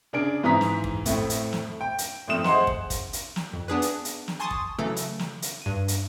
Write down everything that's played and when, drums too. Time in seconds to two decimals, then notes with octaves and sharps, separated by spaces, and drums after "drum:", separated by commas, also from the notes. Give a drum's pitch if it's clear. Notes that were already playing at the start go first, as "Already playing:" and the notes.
0.13 C#3 D4 G#4 D7
0.44 G#2 E3 A#5 D#6 B6
0.61 drum: snare
0.84 drum: kick
1.06 F2 A2 A3, drum: kick, hi-hat
1.30 drum: hi-hat
1.53 drum: snare
1.81 G5
1.98 drum: hi-hat
2.28 G#1 F3 A3 C4 D#6 E7
2.44 G#4 C5 D#5 F#5 C6, drum: snare
2.67 drum: kick
2.90 drum: kick, hi-hat
3.13 drum: hi-hat
3.36 drum: snare
3.53 F2
3.68 B3 D4 G#4 B4
3.82 drum: hi-hat
4.05 drum: hi-hat
4.28 drum: snare
4.40 G#5 A5 C6 C#6 D#6 A6
4.51 drum: kick
4.79 C#3 E3 F#3 A3 A4
4.96 drum: hi-hat
5.19 drum: snare
5.42 drum: hi-hat
5.62 G2 D#7
5.88 drum: hi-hat